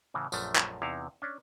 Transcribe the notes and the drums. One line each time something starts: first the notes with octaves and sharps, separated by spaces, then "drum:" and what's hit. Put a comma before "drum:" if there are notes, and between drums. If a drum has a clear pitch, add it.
A2 C#3 E3
A#1 F#2 F3 A3, drum: tambourine
drum: clap
E2 C3 D#4 E4 F5
C#4 D4